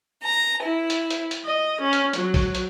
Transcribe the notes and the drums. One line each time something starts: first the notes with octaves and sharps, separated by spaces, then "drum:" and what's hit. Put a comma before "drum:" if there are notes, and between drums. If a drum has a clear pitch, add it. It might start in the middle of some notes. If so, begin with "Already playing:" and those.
A#5
E4
drum: hi-hat
drum: hi-hat
drum: hi-hat
D#5
C#4
drum: hi-hat
F#3, drum: hi-hat
drum: kick, open hi-hat
drum: hi-hat